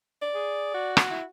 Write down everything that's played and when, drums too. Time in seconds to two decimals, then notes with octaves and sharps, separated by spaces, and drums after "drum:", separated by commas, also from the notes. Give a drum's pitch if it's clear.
0.22 D5
0.35 G#4
0.74 F#4
0.97 drum: rim click
1.11 E4